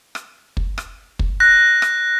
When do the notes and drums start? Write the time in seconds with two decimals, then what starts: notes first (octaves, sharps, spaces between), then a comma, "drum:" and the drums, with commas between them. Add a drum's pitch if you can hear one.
0.15 drum: rim click
0.57 drum: kick
0.78 drum: rim click
1.19 drum: kick
1.40 F#6 A#6
1.82 drum: rim click